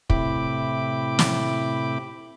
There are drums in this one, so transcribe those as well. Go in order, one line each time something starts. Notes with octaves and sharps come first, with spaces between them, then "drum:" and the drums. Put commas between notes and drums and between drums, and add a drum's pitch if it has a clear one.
A2 C3 E4 G5 B5 D6, drum: kick
drum: snare